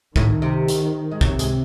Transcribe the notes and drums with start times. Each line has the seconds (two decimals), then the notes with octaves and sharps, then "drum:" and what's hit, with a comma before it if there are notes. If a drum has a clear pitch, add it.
0.16 A2 D#3, drum: kick
0.42 C3
0.68 drum: hi-hat
1.11 G#3
1.21 C3 F#3, drum: kick
1.39 G#3, drum: hi-hat